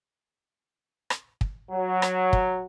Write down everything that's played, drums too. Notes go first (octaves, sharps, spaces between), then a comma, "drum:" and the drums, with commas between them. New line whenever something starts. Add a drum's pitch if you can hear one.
drum: rim click
drum: kick
F#3
drum: rim click
drum: kick